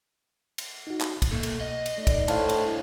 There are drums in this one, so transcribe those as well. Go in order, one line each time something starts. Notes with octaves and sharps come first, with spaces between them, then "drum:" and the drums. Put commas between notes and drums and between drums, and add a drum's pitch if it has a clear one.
drum: cymbal
D#4 F#4
drum: clap
drum: kick, cymbal
C2 B2 A#3 A4
drum: cymbal
D#5
drum: cymbal
A3 D#4 D5
drum: kick, cymbal
A2 D4 C5 D#5 F5 A5, drum: cymbal
drum: cymbal